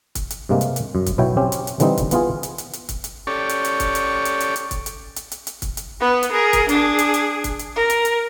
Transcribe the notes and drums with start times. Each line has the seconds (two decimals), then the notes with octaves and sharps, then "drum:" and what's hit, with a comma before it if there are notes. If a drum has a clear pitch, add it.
0.15 drum: kick, hi-hat
0.30 drum: hi-hat
0.49 G2 C3 G#3 A#3
0.61 drum: hi-hat
0.76 drum: hi-hat
0.95 F#2
1.06 drum: kick, hi-hat
1.18 B1 B2 F#3 E4 C#5 G5
1.37 C4 C#4 G4
1.52 drum: hi-hat
1.67 drum: hi-hat
1.80 D3 E3 G3 C4 D#4, drum: hi-hat
1.98 drum: kick, hi-hat
2.11 E3 B3 F4 G#4, drum: hi-hat
2.43 drum: hi-hat
2.58 drum: hi-hat
2.73 drum: hi-hat
2.89 drum: kick, hi-hat
3.04 drum: hi-hat
3.27 C#4 G4 A4 C#5 D5
3.49 drum: hi-hat
3.65 drum: hi-hat
3.80 drum: kick, hi-hat
3.95 drum: hi-hat
4.25 drum: hi-hat
4.40 drum: hi-hat
4.56 drum: hi-hat
4.71 drum: kick, hi-hat
4.86 drum: hi-hat
5.16 drum: hi-hat
5.32 drum: hi-hat
5.47 drum: hi-hat
5.62 drum: kick, hi-hat
5.77 drum: hi-hat
6.00 B3 B4
6.23 drum: hi-hat
6.32 G#4 A#4
6.53 drum: kick, hi-hat
6.69 D4 G#4, drum: hi-hat
6.99 drum: hi-hat
7.14 drum: hi-hat
7.44 drum: kick, hi-hat
7.59 drum: hi-hat
7.76 A#4
7.90 drum: hi-hat
8.05 drum: hi-hat